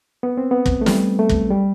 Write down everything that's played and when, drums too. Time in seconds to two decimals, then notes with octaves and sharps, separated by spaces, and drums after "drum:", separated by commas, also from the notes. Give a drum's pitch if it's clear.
0.23 B3
0.37 C4
0.51 B3
0.66 drum: kick
0.81 A3
0.86 G3, drum: snare
1.19 A3
1.29 drum: kick
1.50 G3